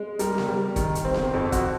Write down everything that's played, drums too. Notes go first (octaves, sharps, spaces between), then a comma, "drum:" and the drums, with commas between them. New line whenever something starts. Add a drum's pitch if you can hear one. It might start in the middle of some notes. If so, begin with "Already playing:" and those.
Already playing: G#3
G3 A#4, drum: hi-hat
drum: snare B3
G3
D#3, drum: kick, hi-hat
drum: hi-hat
C4
drum: snare B3
F2 A4
F#4, drum: kick, hi-hat